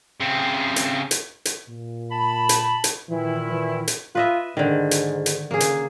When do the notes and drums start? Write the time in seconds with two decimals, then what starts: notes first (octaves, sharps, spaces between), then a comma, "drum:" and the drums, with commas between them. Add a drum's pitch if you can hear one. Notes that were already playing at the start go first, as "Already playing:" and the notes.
0.20 C#3 C4
0.76 drum: hi-hat
1.11 drum: hi-hat
1.45 drum: hi-hat
1.69 A#2
2.11 A5 B5
2.49 drum: hi-hat
2.84 drum: hi-hat
3.09 A#2 D#3 E3 E4
3.50 E3
3.88 drum: hi-hat
4.15 F4 B4 D#5 E5
4.57 G#2 D3 D#3
4.91 drum: hi-hat
5.26 drum: hi-hat
5.51 C#3 A#3 G#4
5.60 drum: hi-hat